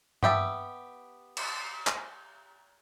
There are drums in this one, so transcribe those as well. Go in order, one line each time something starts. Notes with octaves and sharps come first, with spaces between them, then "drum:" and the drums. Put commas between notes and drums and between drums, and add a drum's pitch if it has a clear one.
B3 G4 E5 A5, drum: tom G2
drum: cymbal
drum: clap